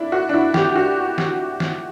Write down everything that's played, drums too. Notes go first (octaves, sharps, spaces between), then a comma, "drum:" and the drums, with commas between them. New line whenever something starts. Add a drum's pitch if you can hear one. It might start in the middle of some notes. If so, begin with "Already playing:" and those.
Already playing: D4 E4
F#4
D4
E4
G4, drum: snare
F#4
drum: snare
drum: snare